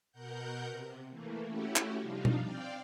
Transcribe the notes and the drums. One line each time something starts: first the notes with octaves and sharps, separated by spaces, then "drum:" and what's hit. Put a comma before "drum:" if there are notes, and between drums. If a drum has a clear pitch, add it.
B2 A#4 F#5 G6
C3
E3 A3 A#3
A3 C#4 E4 F#4 G4
drum: clap
C3 F3 G3 D4 D#4 F4
drum: tom
C4 D5 F5 G5